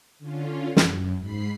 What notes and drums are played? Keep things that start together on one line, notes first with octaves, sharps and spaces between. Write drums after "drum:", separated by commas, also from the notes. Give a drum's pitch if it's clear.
D3 C#4 F4
F#2, drum: snare
G#2 B5 C7